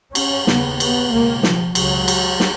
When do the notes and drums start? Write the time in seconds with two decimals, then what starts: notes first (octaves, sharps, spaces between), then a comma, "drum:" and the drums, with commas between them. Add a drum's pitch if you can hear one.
0.15 C#4, drum: cymbal
0.47 D#2 C#3 B3, drum: snare
0.80 B3, drum: cymbal
1.12 C#2 B2 A#3
1.43 F3, drum: snare
1.75 C#2 C#3 F#3, drum: cymbal
2.08 drum: cymbal
2.40 drum: snare